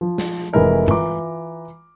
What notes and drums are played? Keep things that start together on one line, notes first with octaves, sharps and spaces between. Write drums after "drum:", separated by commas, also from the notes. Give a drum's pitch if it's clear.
F3
drum: snare
F1 E3 G#3 E4 A#4 D#5
E3 F4 A#5 D6, drum: tom G2